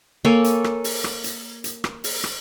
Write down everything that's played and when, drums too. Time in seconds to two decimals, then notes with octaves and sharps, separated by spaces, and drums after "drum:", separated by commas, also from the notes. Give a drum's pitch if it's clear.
0.25 A#3 A4 C#5 G#5
0.44 drum: hi-hat
0.64 drum: rim click
0.84 drum: open hi-hat
1.04 drum: rim click
1.24 drum: hi-hat
1.64 drum: hi-hat
1.84 drum: rim click
2.04 drum: open hi-hat
2.24 drum: rim click